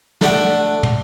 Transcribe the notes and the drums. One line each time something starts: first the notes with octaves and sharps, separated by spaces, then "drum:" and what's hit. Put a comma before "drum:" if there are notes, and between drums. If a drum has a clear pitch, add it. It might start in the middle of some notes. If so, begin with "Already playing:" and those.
A3 D4 F#5, drum: snare
drum: tom